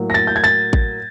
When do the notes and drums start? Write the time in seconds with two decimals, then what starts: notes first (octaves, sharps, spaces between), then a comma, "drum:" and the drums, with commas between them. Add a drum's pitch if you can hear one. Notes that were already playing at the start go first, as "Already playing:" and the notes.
Already playing: A2 F#3 A#3
0.10 A#6
0.14 A6
0.27 G6
0.36 G#6
0.44 A6
0.73 drum: kick A1